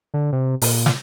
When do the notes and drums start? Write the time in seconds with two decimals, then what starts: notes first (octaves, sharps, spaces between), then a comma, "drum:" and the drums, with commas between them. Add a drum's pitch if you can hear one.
0.14 D3
0.32 C3
0.62 A#2, drum: open hi-hat
0.86 drum: snare